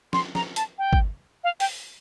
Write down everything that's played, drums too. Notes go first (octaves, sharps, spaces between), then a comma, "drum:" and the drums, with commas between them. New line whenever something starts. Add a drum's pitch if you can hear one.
C6, drum: snare
A#5, drum: snare
A5, drum: hi-hat
G5
drum: kick G1
F5
G5, drum: open hi-hat